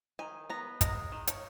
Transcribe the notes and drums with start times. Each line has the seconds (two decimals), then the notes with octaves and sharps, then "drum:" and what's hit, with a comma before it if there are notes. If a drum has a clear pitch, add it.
0.19 D#3 G#5
0.50 B3 A#5
0.81 G#3 A#5, drum: kick, hi-hat
1.12 D#3
1.27 C#5, drum: hi-hat